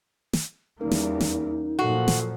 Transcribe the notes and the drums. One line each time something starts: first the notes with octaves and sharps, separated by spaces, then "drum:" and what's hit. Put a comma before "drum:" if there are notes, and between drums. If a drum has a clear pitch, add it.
drum: snare
E2 G3 A#3 C#4 D#4 A#4
drum: snare
drum: snare
F#2 A#2 F3 F#4 A4 C#6 C7
drum: snare